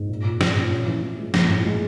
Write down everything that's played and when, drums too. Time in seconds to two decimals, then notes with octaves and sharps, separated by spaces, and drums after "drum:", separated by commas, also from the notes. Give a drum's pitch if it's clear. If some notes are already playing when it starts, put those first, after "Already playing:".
Already playing: G#2
0.09 A#2
0.24 A#2
0.41 A#2, drum: snare
0.55 A#2
0.71 C#4
0.86 E3
1.03 E3
1.18 G#3
1.34 A#1, drum: snare
1.49 A2
1.65 G#3